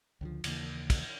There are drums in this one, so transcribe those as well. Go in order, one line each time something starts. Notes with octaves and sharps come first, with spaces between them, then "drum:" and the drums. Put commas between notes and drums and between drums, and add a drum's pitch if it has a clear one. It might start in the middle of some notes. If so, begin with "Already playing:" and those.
C#2 D3 F3
D#2 C#3 E3 A#3, drum: cymbal
drum: kick, cymbal